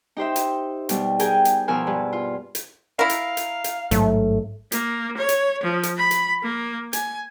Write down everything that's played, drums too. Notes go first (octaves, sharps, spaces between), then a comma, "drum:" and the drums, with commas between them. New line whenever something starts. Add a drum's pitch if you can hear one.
D#4 G4 C5 E5
drum: hi-hat
B2 G3, drum: hi-hat
G#4 A#4 G5 G#5, drum: hi-hat
drum: hi-hat
B2 F3 A#4 G#5 E6 F6
G2 B4
F4
drum: hi-hat
E4 A#4 F5
drum: hi-hat
drum: hi-hat
drum: hi-hat
A1 G#2 F#3 A3, drum: hi-hat
A#3, drum: hi-hat
C#5
drum: hi-hat
F3
drum: hi-hat
B5
drum: hi-hat
A#3
G#5, drum: hi-hat